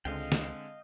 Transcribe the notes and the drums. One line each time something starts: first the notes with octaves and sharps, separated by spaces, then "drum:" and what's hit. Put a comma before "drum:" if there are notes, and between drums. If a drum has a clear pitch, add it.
C#2 D3 G#3 C4 D#5 F5 G5
drum: snare